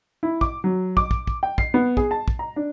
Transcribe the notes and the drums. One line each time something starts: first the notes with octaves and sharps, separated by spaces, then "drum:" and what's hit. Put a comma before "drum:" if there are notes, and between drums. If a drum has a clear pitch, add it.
E4
D6, drum: kick
F#3
D6, drum: kick
drum: kick
drum: kick
G5
C7, drum: kick
B3
G#4, drum: kick
A5
drum: kick
A#5
D4